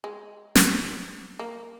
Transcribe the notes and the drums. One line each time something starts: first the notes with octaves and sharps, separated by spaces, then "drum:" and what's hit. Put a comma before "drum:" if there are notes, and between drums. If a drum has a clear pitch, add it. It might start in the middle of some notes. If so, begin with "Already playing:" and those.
G#3
drum: snare
A#3